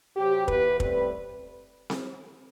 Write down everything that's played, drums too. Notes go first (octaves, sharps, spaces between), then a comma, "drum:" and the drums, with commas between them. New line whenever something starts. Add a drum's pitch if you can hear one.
C3 F#3 C4 G4
E3 B3 B4, drum: kick
A2 G3 C4 B4, drum: kick
drum: snare C4